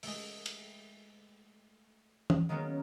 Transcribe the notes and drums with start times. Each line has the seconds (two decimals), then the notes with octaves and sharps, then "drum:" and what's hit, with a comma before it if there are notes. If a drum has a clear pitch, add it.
0.03 G#3 A3, drum: open hi-hat
0.46 drum: cymbal
2.30 drum: tom E3
2.49 D#3 F#3 G#3 A#3 B3 C#4